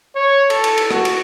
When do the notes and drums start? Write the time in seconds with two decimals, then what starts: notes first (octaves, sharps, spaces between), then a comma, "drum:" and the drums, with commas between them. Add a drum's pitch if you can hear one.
0.16 C#5
0.50 A4, drum: cymbal
0.64 drum: cymbal
0.78 drum: cymbal
0.91 F#4, drum: rim click
1.05 drum: cymbal